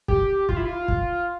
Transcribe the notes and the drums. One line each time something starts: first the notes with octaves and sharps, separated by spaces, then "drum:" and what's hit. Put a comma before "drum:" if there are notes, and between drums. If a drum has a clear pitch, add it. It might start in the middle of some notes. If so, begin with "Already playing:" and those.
G4, drum: kick
F4, drum: kick
E4
F4
drum: kick